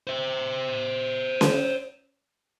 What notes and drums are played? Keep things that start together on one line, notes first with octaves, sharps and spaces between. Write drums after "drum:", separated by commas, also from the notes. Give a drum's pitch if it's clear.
C5 E5
drum: snare C#4